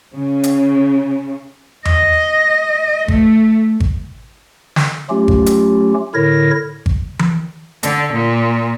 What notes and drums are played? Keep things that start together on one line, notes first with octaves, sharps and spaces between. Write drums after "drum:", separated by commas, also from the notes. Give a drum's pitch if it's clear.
C#3
drum: hi-hat
D#5, drum: tom E2
A3, drum: kick G#1
drum: kick G#1
drum: snare
F#3 A3 C#4 F4 G4
drum: kick G#1
drum: hi-hat
A2 D3 E4 A#4 C#5 A#6
drum: kick G#1
drum: tom E3
D3, drum: hi-hat
A#2